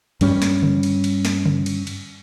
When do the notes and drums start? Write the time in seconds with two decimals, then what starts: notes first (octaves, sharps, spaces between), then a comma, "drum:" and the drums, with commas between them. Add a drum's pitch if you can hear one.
0.21 G2 G3 C#4, drum: cymbal
0.42 drum: snare
0.62 drum: tom C#3
0.83 drum: cymbal
1.04 drum: cymbal
1.25 drum: snare
1.45 drum: tom C#3
1.66 drum: cymbal
1.87 drum: cymbal